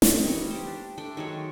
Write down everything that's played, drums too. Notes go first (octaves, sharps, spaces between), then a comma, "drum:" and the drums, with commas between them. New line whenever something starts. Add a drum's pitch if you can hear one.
drum: snare
E3 G3 D#4 C#5
G4 C5
D4
A3 D4 D5 G5
D#3 F#3 G#3 C#5